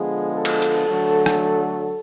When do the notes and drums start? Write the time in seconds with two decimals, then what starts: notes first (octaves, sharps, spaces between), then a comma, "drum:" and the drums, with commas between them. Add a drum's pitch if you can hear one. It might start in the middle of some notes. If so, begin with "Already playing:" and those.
Already playing: D3 F3 G#3 B3 G#4
0.34 A4
0.45 drum: cymbal
0.62 drum: hi-hat
0.87 D3 F#3 A3
1.26 drum: rim click